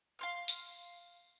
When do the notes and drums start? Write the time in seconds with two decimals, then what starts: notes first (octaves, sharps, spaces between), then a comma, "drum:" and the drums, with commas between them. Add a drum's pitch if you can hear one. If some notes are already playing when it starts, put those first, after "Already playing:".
0.19 F5 C6 F6
0.48 drum: tambourine